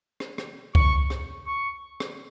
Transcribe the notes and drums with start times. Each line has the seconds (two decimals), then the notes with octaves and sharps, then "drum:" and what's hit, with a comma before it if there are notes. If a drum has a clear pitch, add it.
0.20 drum: rim click
0.38 drum: rim click
0.75 C#6, drum: kick C#2
1.10 drum: rim click
1.46 C#6
2.00 drum: rim click